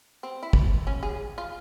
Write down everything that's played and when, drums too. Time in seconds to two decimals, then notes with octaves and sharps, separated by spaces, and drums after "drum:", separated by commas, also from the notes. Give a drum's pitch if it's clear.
0.23 C4
0.43 E4
0.53 drum: kick
0.87 C#4
1.03 G#4
1.38 F4